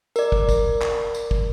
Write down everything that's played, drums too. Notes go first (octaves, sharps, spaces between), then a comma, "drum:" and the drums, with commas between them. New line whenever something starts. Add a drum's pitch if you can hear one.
A#4 D5, drum: tambourine
drum: kick
drum: kick, tambourine
drum: clap
drum: tambourine
drum: kick